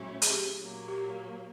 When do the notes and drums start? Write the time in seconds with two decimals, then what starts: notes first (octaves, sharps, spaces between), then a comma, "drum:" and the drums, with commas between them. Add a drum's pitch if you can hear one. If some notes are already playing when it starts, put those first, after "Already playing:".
Already playing: A#2 F#3 A3 C#4 E4 F#4
0.22 G#4, drum: hi-hat
0.30 G4
0.59 A#2 F#3 A#3
0.88 G4